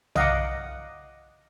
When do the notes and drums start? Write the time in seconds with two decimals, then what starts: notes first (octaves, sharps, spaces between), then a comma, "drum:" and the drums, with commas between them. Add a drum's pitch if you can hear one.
0.16 D#5 F5 F#5 A#5 D6, drum: tom B1